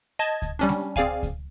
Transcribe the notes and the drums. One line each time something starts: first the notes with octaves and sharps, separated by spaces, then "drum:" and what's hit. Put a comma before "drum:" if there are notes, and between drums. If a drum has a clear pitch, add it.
D#5 A5 G#6
drum: kick C#2, hi-hat
G3 C#4 D4
drum: snare G#3
C4 G#4 D5 F5 G#5, drum: kick C#2, hi-hat
drum: kick C#2, hi-hat